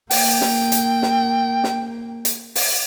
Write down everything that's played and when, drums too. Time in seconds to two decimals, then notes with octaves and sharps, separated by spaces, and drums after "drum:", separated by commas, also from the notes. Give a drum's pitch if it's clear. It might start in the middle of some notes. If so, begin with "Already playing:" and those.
0.11 A#3 G5, drum: open hi-hat
0.41 drum: snare
0.72 drum: hi-hat
1.02 drum: snare
1.64 drum: snare
2.25 drum: hi-hat
2.55 drum: open hi-hat